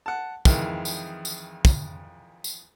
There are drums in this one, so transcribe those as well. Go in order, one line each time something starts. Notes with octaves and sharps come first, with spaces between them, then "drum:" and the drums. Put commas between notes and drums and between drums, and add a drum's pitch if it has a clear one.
F#5 A5
F2 D#3 E3 G#3, drum: kick, tambourine
drum: tambourine
drum: tambourine
drum: kick, tambourine
drum: tambourine